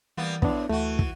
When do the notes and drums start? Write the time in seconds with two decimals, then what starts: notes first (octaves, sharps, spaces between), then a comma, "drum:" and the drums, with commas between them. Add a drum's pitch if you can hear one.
0.17 E3 G3 A#3 B3
0.42 A2 B3 D4, drum: kick
0.69 D2 E3 A3 F#4
0.99 drum: kick